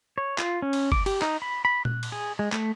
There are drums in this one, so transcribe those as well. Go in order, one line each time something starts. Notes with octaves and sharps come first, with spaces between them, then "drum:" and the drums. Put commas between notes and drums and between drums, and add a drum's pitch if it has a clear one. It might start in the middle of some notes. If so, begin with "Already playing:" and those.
C#5
F4, drum: clap
C#4
drum: cymbal
D6, drum: kick F#1
G4, drum: cymbal
D#4, drum: clap
B5
B5
F#6, drum: tom A#2
drum: cymbal
G#4
G#3
A3, drum: clap